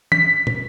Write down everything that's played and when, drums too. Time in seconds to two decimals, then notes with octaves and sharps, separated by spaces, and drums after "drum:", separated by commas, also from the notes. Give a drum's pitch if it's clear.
0.12 B6, drum: tom
0.47 drum: tom